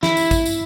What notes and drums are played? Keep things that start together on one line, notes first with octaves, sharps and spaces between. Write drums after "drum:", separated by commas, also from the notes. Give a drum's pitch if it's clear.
E4, drum: snare
drum: tambourine
drum: kick A1, tambourine
drum: tambourine